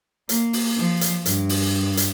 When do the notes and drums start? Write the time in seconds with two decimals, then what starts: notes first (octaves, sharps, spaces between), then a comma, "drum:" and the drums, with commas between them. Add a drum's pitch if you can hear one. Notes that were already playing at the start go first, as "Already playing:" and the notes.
0.29 A#3, drum: hi-hat
0.53 drum: open hi-hat
0.78 F3
1.01 drum: hi-hat
1.26 G2, drum: hi-hat
1.49 drum: open hi-hat
1.97 drum: hi-hat